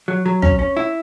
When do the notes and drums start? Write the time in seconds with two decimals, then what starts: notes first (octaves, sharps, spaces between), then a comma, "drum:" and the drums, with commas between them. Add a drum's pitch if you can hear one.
0.08 F#3
0.26 F#3
0.42 C#4, drum: tom
0.59 C#4
0.77 E4